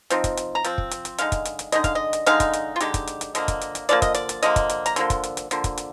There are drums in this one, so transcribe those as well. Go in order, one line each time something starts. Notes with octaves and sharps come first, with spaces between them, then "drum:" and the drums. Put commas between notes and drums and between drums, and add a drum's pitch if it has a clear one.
F3 C4 D#4, drum: hi-hat
drum: kick, hi-hat
drum: hi-hat
A#5
F3 C4, drum: hi-hat
drum: kick
drum: hi-hat
drum: hi-hat
D3 G#3 D#4 F5, drum: hi-hat
drum: kick, hi-hat
drum: hi-hat
drum: hi-hat
D3 G#3 D#4 D#5, drum: hi-hat
F5, drum: kick, hi-hat
D#5
drum: hi-hat
D3 G#3 D#4 F5, drum: hi-hat
drum: kick, hi-hat
drum: hi-hat
F4
D3 G#3 D#4 G4, drum: hi-hat
drum: kick, hi-hat
drum: hi-hat
drum: hi-hat
D3 F3 A#3 D#5, drum: hi-hat
drum: kick, hi-hat
drum: hi-hat
drum: hi-hat
D3 F3 A#3 D5, drum: hi-hat
D#5, drum: kick, hi-hat
D5, drum: hi-hat
drum: hi-hat
D3 F3 A#3 D#5, drum: hi-hat
drum: kick, hi-hat
drum: hi-hat
A#5, drum: hi-hat
D3 F3 A#3 C6, drum: hi-hat
drum: kick, hi-hat
drum: hi-hat
drum: hi-hat
D3 F3 A#3, drum: hi-hat
drum: kick, hi-hat
drum: hi-hat